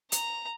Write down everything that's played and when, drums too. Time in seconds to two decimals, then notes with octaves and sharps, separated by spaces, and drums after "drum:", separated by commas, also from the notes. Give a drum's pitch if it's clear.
0.12 A#5, drum: hi-hat